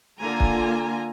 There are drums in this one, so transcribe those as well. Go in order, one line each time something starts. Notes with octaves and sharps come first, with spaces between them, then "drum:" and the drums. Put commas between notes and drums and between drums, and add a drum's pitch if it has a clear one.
D3 A#3 F4 G#5 A#5
drum: kick